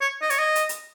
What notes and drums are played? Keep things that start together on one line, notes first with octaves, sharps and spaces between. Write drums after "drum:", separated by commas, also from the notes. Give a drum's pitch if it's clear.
C#5
D#5
C#5, drum: hi-hat
D#5
drum: hi-hat
drum: hi-hat